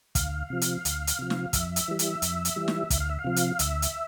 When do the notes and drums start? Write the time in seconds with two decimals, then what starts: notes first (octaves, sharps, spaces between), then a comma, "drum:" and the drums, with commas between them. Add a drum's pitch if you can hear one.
0.15 D2 F5, drum: kick, hi-hat
0.50 C3 F3
0.61 drum: hi-hat
0.85 D2, drum: hi-hat
1.07 drum: hi-hat
1.19 C3 F3
1.30 drum: snare
1.53 F2 E5, drum: kick, hi-hat
1.76 drum: hi-hat
1.88 E3 G3
1.99 drum: hi-hat
2.22 F2, drum: hi-hat
2.45 drum: hi-hat
2.56 E3 G3
2.68 drum: snare
2.90 D2, drum: kick, hi-hat
3.00 F5
3.09 E5
3.19 F5
3.24 C3 F3
3.36 drum: hi-hat
3.59 D2 E5, drum: hi-hat
3.82 drum: hi-hat